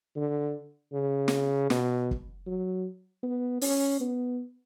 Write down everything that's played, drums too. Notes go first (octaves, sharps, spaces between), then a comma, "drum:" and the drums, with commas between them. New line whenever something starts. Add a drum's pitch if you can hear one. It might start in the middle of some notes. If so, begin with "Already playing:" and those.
D3
C#3
drum: snare
B2, drum: snare
drum: kick
F#3
B3
C#4, drum: open hi-hat
B3